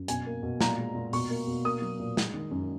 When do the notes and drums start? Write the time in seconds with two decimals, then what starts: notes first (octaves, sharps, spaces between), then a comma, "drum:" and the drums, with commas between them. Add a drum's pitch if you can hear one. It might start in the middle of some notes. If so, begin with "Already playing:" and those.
Already playing: F#2
0.08 B2 G#5, drum: hi-hat
0.26 A#3
0.43 B2
0.61 A#2 A#5, drum: snare
0.78 G#3
0.95 A#2
1.13 B2 C#6, drum: open hi-hat
1.30 A#3
1.47 B2
1.65 A#3 D#6
1.82 F#3
1.99 A#2
2.17 G#3, drum: snare
2.34 D#3
2.51 F#2